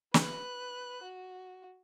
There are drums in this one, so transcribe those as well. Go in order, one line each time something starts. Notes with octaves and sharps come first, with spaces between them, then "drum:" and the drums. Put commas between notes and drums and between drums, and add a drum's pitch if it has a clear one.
B4 F#6, drum: snare
F#4